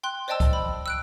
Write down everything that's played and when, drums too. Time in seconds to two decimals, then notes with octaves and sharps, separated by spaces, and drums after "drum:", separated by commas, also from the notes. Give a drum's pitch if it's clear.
0.03 G5 C6 F#6
0.28 C5 D5 D#5 G5 A5 E6
0.40 drum: kick C#2, hi-hat
0.53 B5
0.86 E6 F#6 D7